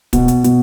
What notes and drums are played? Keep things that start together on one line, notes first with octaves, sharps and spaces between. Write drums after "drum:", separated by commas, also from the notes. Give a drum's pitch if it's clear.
B2, drum: kick, hi-hat
drum: hi-hat
B2, drum: hi-hat